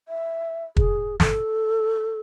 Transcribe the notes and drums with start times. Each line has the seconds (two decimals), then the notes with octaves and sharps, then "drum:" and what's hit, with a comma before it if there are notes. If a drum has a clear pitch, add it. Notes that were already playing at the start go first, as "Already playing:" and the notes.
0.08 E5
0.77 G#4, drum: kick
1.20 A4, drum: snare